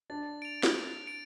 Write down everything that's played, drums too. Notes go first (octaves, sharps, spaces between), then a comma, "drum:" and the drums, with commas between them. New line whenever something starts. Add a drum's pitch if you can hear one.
D4 A6
D7 F7
drum: snare
A6
D7